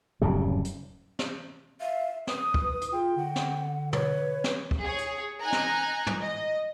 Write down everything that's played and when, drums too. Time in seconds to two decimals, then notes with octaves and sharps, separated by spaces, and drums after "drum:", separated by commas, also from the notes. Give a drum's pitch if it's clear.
0.22 D1 F#2 C#3 G3
0.65 drum: hi-hat
1.19 drum: snare
1.79 E5 F5
2.27 B4 D#6, drum: snare
2.54 drum: kick
2.81 drum: hi-hat
2.93 F4 G#4 G5
3.16 D3 F#5
3.36 drum: snare
3.93 B4 C#5, drum: tom
4.44 drum: snare
4.71 drum: kick
4.81 G#4 C#5
4.98 drum: hi-hat
5.41 D#4 G#5 A#5 F#6
5.52 drum: snare
6.07 drum: tom
6.21 D#5